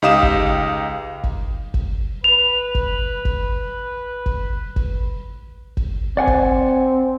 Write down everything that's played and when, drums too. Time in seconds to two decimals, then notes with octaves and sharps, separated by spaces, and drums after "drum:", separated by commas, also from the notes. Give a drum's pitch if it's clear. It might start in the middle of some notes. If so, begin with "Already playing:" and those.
0.02 C#2 D#4 G4 F5 D#6 E7
0.23 drum: kick
1.24 drum: kick
1.74 drum: kick
2.24 B4 F7
2.75 drum: kick
3.25 drum: kick
4.26 drum: kick
4.76 drum: kick
5.77 drum: kick
6.17 C4 D5 F#5 G#5
6.27 drum: kick